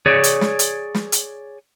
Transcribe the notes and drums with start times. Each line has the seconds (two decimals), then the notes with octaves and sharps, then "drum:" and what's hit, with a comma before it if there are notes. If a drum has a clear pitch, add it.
0.06 G#4 C#5 D5
0.24 drum: hi-hat
0.41 drum: snare
0.59 drum: hi-hat
0.94 drum: snare
1.12 drum: hi-hat